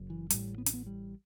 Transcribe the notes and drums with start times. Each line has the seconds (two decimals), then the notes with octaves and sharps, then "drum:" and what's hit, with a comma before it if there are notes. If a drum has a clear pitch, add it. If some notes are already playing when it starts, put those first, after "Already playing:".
Already playing: F#1 F#2
0.10 E3
0.30 A1 A2 G3, drum: hi-hat
0.58 B3
0.66 C#4, drum: hi-hat
0.73 B3
0.86 G3